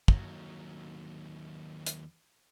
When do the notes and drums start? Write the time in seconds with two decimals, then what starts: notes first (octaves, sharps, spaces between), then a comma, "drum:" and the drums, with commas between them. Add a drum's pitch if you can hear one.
0.08 D#2 F#3, drum: kick
1.87 drum: hi-hat